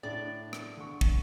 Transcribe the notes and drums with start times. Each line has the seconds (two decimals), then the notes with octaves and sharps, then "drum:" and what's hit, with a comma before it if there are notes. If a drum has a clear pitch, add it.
0.03 A2 D4 D5
0.53 drum: rim click
0.77 D3 C#6
1.01 drum: kick